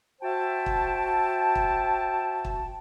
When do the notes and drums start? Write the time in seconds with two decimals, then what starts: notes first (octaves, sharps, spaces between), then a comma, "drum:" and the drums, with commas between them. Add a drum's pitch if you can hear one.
0.22 F#4 C5 E5 G5 A5
0.66 drum: kick
1.55 drum: kick
2.45 drum: kick